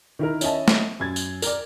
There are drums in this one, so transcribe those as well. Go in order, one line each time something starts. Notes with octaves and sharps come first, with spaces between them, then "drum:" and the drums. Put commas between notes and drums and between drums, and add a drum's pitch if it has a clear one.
D#3 E4 A#4
C#4 E4 D#5 E5 A5, drum: tambourine
drum: snare
F#2 G#6 A6
drum: tambourine
A#4 D5, drum: tambourine